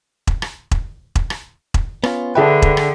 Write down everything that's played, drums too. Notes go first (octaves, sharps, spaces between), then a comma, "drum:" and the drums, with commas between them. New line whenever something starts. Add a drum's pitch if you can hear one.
drum: kick E1
drum: rim click
drum: kick E1
drum: kick E1
drum: rim click
drum: kick E1
B3 C#4 F4, drum: rim click
D3 G#4 B4 E5 G5
drum: kick E1
drum: rim click